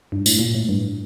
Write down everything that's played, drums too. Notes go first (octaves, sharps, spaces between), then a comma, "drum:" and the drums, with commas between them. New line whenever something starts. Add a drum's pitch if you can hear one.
G2
A2, drum: tambourine
A#2
A2
G2